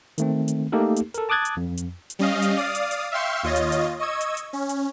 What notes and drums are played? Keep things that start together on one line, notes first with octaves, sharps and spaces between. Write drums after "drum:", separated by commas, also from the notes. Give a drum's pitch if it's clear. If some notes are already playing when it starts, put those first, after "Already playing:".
D#3 A3 C4, drum: hi-hat
drum: hi-hat
A3 A#3 D#4 G4 A4 A#4
drum: hi-hat
A4 A#4, drum: hi-hat
A5 D6 D#6 F#6 G#6 A6
drum: hi-hat
F2
drum: hi-hat
drum: hi-hat
G3 C#4 D#5 F5
drum: hi-hat
D5 F5 D#6
drum: hi-hat
drum: hi-hat
E5 F5 G5 C6 C#6
D#2 F4 C#5 D#5 A6
drum: hi-hat
drum: hi-hat
D#5 C#6 E6 G#6
drum: hi-hat
drum: hi-hat
C#4
drum: hi-hat